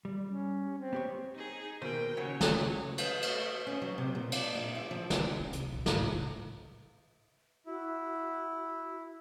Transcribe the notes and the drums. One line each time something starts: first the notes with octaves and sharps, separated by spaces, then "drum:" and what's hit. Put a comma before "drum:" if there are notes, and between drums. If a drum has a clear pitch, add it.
G3
C#4
C4
B3 G4 C#5
D#4 G#4
D#2 B2 A#4 C5 G5
C#3 F#3 F#4 C#5
drum: snare
drum: cymbal
A3 F#4, drum: cymbal
C#4
F#3
C3
A#2
D4, drum: cymbal
A#2
E5
F3
D3, drum: snare
C#4
C2, drum: hi-hat
A#2
G#1, drum: snare
A2
C#3
E4 F#4